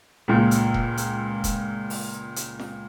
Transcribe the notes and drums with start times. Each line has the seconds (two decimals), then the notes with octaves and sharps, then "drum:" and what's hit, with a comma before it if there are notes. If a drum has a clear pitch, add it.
0.28 C#2 A#2
0.51 drum: hi-hat
0.74 drum: kick E1
0.97 drum: hi-hat
1.44 drum: kick E1, hi-hat
1.90 drum: open hi-hat
2.36 drum: hi-hat
2.59 drum: snare F4